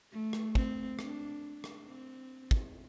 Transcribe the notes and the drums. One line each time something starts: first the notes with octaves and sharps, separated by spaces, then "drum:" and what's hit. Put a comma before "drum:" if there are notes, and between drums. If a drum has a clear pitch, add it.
A3
drum: rim click
C4, drum: kick
D4, drum: rim click
drum: rim click
C4
drum: kick